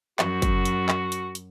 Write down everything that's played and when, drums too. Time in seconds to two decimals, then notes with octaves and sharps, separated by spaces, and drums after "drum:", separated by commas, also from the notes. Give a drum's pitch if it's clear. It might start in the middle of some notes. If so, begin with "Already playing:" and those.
0.19 F#2 F#4, drum: clap
0.42 drum: kick, hi-hat
0.65 drum: hi-hat
0.89 drum: clap
1.12 drum: hi-hat
1.35 drum: hi-hat